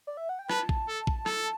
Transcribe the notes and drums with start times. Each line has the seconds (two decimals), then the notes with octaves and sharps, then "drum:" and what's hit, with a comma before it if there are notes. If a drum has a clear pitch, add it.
0.07 D5
0.17 E5
0.29 F#5
0.39 G5
0.50 B4 A5, drum: rim click
0.69 drum: kick A#1
0.88 A4
1.07 drum: kick A#1
1.26 A4, drum: rim click